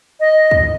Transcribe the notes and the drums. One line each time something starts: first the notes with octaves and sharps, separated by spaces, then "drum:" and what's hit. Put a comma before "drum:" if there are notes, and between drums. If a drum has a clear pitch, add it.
D#5
drum: kick